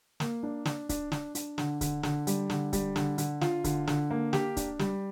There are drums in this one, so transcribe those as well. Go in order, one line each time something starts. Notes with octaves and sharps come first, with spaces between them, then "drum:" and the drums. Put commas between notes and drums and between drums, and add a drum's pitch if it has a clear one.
A#3, drum: snare
D4
D4, drum: snare
D4, drum: kick C#1, hi-hat
D4, drum: snare
D4, drum: hi-hat
D3, drum: snare
D3, drum: kick C#1, hi-hat
D3, drum: snare
G3, drum: hi-hat
D3, drum: snare
G3, drum: kick C#1, hi-hat
D3, drum: snare
D3, drum: hi-hat
F4, drum: snare
D3, drum: kick C#1, hi-hat
D3, drum: snare
A#3
G4, drum: snare
D4, drum: kick C#1, hi-hat
G3, drum: snare